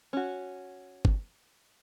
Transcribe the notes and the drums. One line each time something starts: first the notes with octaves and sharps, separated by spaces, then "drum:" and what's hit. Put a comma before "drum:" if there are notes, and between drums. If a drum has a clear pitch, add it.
C#4 F#4
drum: kick G1